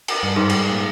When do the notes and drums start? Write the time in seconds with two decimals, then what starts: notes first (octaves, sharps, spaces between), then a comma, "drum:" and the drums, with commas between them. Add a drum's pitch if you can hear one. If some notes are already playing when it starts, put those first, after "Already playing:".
0.08 drum: cymbal
0.23 G2
0.36 G#2
0.49 drum: cymbal
0.70 A#2